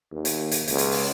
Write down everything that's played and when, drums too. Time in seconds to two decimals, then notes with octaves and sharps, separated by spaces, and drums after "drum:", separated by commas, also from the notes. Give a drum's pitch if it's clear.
0.11 D#2
0.25 drum: hi-hat
0.51 drum: hi-hat
0.68 C#2, drum: hi-hat
0.78 drum: hi-hat
0.91 drum: open hi-hat